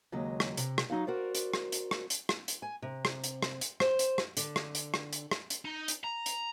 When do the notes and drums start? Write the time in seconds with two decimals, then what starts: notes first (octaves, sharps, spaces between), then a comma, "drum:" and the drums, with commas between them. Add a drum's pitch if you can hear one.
0.12 D#2 C#3 F#3 G#3 D#5
0.40 drum: rim click
0.57 C3, drum: hi-hat
0.78 drum: rim click
0.90 F#3 D#4 F#4 F5
1.07 F#4 A#4 C5 D5
1.35 drum: hi-hat
1.54 drum: rim click
1.72 drum: hi-hat
1.91 drum: rim click
2.10 drum: hi-hat
2.29 drum: rim click
2.48 drum: hi-hat
2.62 G#5
2.82 C3
3.05 drum: rim click
3.24 drum: hi-hat
3.42 drum: rim click
3.61 drum: hi-hat
3.80 C5, drum: rim click
3.99 drum: hi-hat
4.18 drum: rim click
4.37 D3, drum: hi-hat
4.56 drum: rim click
4.75 drum: hi-hat
4.94 drum: rim click
5.13 drum: hi-hat
5.31 drum: rim click
5.50 drum: hi-hat
5.65 D#4
5.88 drum: hi-hat
6.04 A#5
6.26 drum: hi-hat